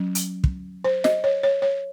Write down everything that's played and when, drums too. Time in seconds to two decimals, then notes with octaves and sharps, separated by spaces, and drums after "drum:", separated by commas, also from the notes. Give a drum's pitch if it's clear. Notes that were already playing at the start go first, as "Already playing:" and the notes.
Already playing: F#3 C#4
0.15 drum: hi-hat
0.44 drum: kick
0.85 C5
1.04 D#5, drum: snare
1.24 C#5
1.43 C#5
1.62 C#5